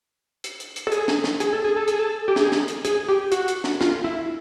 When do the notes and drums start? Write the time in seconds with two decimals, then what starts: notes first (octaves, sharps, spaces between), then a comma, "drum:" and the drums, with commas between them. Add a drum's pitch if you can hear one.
0.44 drum: hi-hat
0.60 drum: hi-hat
0.76 drum: hi-hat
0.87 A4
0.92 G#4, drum: hi-hat
1.08 drum: snare
1.24 drum: snare
1.40 G#4, drum: hi-hat
1.53 A4
1.64 G#4
1.76 A4
1.88 G#4, drum: hi-hat
1.99 A4
2.28 G4
2.36 G#4, drum: snare
2.52 drum: snare
2.68 drum: hi-hat
2.85 G#4, drum: hi-hat
3.08 G4
3.32 F#4, drum: hi-hat
3.48 drum: hi-hat
3.64 drum: snare
3.81 F4, drum: snare
4.04 E4